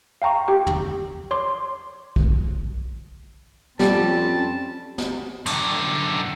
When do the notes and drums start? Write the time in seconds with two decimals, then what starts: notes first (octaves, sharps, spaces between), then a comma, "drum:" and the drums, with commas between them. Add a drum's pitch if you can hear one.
0.22 F5 G5 A#5 C#6
0.48 G4 G5
0.67 drum: tom
1.31 C#5 C6 D6
2.16 drum: kick
3.79 F2 G3 C4 C#4 A5, drum: snare
4.98 drum: snare
5.46 F#2 D3, drum: cymbal